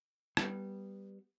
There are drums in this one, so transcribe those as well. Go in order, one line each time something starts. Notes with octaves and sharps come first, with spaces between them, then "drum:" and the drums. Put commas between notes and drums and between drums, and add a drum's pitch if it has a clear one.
G3 B3, drum: rim click